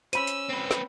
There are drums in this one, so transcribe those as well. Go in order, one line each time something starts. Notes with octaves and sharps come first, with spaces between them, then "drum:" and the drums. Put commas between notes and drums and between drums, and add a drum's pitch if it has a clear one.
C#4 C5 B5 E6 D#7, drum: hi-hat
drum: hi-hat
C4 B4
drum: snare